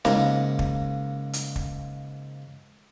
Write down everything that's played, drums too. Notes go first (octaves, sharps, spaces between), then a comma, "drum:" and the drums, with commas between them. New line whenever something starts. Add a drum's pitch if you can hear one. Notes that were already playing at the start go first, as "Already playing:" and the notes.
G#2 C#3 A#3 A#5, drum: snare
drum: kick
drum: hi-hat
drum: kick